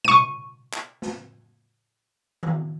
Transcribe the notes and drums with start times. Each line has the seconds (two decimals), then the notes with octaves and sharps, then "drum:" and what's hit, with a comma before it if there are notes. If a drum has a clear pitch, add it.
0.05 C#6 D#7, drum: tom
0.73 drum: clap
1.02 drum: snare
2.43 drum: tom D#3